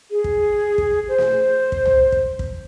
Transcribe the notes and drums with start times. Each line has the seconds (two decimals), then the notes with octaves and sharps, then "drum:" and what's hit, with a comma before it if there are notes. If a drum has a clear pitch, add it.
0.11 G#4
0.24 drum: kick
0.78 drum: kick
1.08 C5
1.18 drum: snare
1.72 drum: kick
1.85 drum: tom C2
2.12 drum: kick
2.39 drum: kick